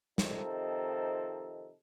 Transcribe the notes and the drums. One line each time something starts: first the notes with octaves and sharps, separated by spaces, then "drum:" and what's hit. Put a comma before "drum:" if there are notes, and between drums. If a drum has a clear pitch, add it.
C3 D#3 F3 C4 D#4 A4, drum: snare